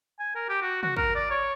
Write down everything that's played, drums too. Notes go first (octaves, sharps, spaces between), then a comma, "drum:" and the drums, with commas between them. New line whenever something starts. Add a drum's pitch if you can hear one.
G#5
A#4
G4
F#4
F#4, drum: tom
A#4, drum: kick
D5
C#5